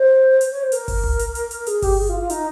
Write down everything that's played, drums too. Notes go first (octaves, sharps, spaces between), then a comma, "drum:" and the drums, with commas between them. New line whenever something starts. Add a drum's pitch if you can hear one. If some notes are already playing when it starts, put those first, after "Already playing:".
Already playing: C5
drum: hi-hat
C#5
C5
A#4, drum: hi-hat
drum: kick G1, open hi-hat
drum: tom C2
drum: hi-hat
drum: hi-hat
drum: hi-hat
G#4, drum: hi-hat
G4, drum: kick G1, open hi-hat
G#4
F4
F4
D#4, drum: hi-hat